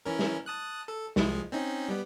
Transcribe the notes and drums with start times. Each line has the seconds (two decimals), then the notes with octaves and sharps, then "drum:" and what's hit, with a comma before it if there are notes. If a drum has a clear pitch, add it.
0.05 E3 C#4 A#4
0.19 drum: snare
0.46 A5 D#6 F#6
0.88 A4
1.16 C2 F3 G#3, drum: snare
1.52 C4 C#4 D#4
1.89 G3 B3